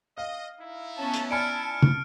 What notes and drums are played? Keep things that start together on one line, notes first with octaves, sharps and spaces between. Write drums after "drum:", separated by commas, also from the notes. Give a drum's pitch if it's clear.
D#5 F5
D#4 E4
B3 C#4 A5
drum: hi-hat
D5 G#5 A5 B5 F6 C#7 D7
drum: tom